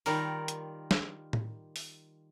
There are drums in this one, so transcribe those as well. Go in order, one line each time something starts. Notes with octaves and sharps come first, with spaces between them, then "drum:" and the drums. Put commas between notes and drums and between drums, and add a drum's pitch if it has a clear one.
D#3 G3 F4 A#4, drum: open hi-hat
drum: hi-hat
drum: snare
drum: tom A2
drum: open hi-hat